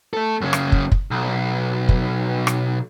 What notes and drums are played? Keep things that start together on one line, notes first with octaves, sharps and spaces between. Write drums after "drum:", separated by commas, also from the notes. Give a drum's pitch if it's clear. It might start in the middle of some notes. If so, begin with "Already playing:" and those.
A3 A4
F#2 C#3
drum: rim click
drum: kick
drum: kick
B1
drum: kick
drum: rim click